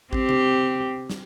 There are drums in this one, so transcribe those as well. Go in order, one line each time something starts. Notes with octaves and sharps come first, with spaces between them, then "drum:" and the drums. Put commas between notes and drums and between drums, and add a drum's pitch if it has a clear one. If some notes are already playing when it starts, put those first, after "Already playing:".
C4 G4, drum: kick A1
drum: tom C3
drum: snare